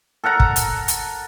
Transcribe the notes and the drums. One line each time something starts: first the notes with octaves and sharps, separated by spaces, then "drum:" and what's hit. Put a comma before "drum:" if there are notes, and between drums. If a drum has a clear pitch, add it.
A4 A#4 F#5 A#5
drum: kick
drum: hi-hat
drum: hi-hat